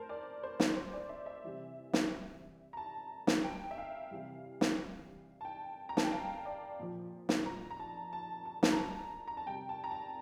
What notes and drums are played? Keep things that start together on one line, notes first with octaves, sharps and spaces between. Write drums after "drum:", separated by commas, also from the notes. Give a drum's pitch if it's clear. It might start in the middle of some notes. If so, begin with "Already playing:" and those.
Already playing: A2 A#4 C5 A5
D5
C5
drum: snare
C5
D5
E5
E5
C3 E3 G3
drum: snare
A#5
A5
drum: snare
G5
E5
F5
C3 E3 G3
drum: snare
A5
G5
A#5
A5, drum: snare
G5
F5
D5
A#2 F3
drum: snare
A#5
A#5
A5
A5
A5
drum: snare
A#5
A5
A#5
A5
C3 G3 G5
A5
A#5
A5